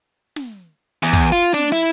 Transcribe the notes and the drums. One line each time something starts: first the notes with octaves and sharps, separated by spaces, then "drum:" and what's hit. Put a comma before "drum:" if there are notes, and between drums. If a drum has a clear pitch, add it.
drum: snare
E2
drum: kick
F4
D4, drum: snare
E4